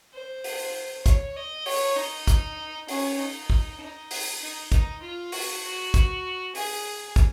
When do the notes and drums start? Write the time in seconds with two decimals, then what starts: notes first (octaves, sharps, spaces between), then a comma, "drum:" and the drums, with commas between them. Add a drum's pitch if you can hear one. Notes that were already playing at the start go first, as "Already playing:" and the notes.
0.13 C5
0.44 drum: open hi-hat
1.06 C#5, drum: kick, hi-hat
1.36 D#5
1.66 C#5, drum: open hi-hat
1.96 D#4
2.27 drum: kick, hi-hat
2.88 C#4, drum: open hi-hat
3.18 D#4
3.50 drum: kick
3.80 D#4
4.11 drum: open hi-hat
4.41 D#4
4.72 D#4, drum: kick, hi-hat
5.02 F4
5.32 F#4, drum: open hi-hat
5.64 F#4
5.94 drum: kick, hi-hat
6.55 G#4, drum: open hi-hat
7.16 drum: kick, hi-hat